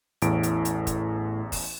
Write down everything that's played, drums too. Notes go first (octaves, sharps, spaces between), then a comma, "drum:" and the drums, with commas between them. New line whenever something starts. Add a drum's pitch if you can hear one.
A1 E2 A2 D7, drum: hi-hat
drum: hi-hat
drum: hi-hat
drum: kick, hi-hat
drum: kick, open hi-hat